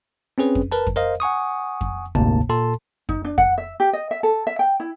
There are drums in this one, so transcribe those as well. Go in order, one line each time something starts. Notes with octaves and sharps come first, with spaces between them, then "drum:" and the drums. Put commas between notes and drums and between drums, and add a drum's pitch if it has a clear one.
C4 C#4 G#4 B4
drum: kick F2
A#4 B4 A5
drum: kick F2
A#4 C5 D#5 F5
F#5 G#5 C#6 D#6
drum: kick F2
G1 D2 G#2 C3 A#3 A5, drum: kick F2
A#2 A4 A5 C6
D#4, drum: kick F2
D4
F#5, drum: kick F2
E5
G4
D#5
E5
A4
E5
G5
E4